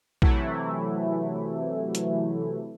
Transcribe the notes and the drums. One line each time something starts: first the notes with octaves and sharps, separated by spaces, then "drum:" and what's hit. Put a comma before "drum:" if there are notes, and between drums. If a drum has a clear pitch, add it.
C3 E3 F#3 A3 E4, drum: kick A#1
drum: hi-hat